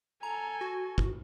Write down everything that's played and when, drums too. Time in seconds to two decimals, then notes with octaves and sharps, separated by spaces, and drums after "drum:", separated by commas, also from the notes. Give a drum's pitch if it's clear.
0.23 A4 G#5 A#5
0.61 F#4
0.98 drum: kick